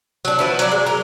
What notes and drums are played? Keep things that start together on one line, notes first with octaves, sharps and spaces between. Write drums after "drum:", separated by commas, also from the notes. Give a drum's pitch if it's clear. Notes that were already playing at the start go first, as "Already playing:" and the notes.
F#3 D4, drum: tambourine
F3 B3 E4
F#3 D5, drum: hi-hat
G#3
A#4